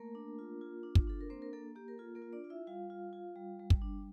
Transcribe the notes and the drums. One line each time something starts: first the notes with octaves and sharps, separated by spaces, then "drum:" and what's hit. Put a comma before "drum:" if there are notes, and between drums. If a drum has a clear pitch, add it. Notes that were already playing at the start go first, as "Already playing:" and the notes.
Already playing: A3 A#3 A#4
D4
F4
F4
D4
drum: kick
D4 A4
A#4
A#3 C4 C5
A#4
A#3 A4
A#3 G4
A#4
F4 A4
A#3 A#4
F4
D4 D5
F4
E4 E5
G3 F4 F5
F4
F4
G3
G3
drum: kick
D4